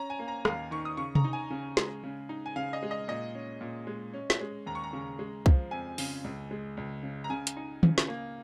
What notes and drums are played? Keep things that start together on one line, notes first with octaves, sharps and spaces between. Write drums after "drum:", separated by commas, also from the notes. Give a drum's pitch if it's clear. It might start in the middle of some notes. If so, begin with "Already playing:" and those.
Already playing: C#4 A#5
G#5
A#3
A#5
D#2 F5, drum: rim click
D#3 C#6
D#6
C#3 C#6
A#5, drum: tom C3
D#4
G#5
C#3
G#3, drum: snare
C#3
D#4
G#5
C#3 F5
D#5
G#3
D#5
A#2 D#5
C#4
A#2
G#3
C#4
drum: snare
G#3
D#2 A#5
C#6
A#5
C#3
G#3
F3, drum: kick
F2 G#5
C#3, drum: open hi-hat
C#2
G#3
C#2
C#3
A#5
C#3 G#5
drum: hi-hat
D#4
C#3, drum: tom D#3
drum: snare
A#3